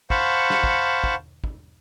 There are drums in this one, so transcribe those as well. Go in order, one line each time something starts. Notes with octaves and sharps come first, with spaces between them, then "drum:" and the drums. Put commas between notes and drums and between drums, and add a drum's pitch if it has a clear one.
C5 F5 F#5 A5 B5 C#6, drum: kick
drum: snare
drum: kick
drum: kick
drum: kick